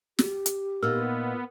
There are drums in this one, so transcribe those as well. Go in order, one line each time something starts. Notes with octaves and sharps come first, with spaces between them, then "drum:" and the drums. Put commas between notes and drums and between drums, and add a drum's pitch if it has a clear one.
G4, drum: snare
drum: hi-hat
A#2 B3 D#4 A#4 E6 F6